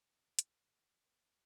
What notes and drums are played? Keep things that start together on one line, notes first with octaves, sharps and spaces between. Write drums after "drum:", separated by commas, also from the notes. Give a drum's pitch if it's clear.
C#3
B1 B3, drum: hi-hat
G2 D3 D#3
G1 D#2 B3 A#4 F#6 A6